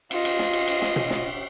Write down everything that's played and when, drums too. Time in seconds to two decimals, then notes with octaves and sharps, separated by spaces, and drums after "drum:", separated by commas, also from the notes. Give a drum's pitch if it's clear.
0.11 F4 D#5, drum: cymbal
0.25 drum: cymbal
0.39 drum: snare
0.53 drum: cymbal
0.68 drum: cymbal
0.82 drum: snare
0.96 drum: tom B2
1.10 drum: snare